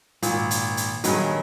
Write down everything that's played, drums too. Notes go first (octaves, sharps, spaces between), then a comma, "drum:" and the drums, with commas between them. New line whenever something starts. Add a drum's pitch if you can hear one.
G#1 A#2, drum: hi-hat
drum: hi-hat
drum: hi-hat
G2 D#3 F#3 G#4, drum: hi-hat